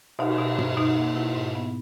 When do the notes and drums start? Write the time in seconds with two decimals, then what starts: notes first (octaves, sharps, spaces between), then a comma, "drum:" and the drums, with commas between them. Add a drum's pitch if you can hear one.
0.19 B2 D#4, drum: cymbal
0.38 B2
0.59 B2, drum: tom G2
0.77 B2 D#4
0.97 A#3
1.16 B2 E4
1.35 G#2
1.55 B3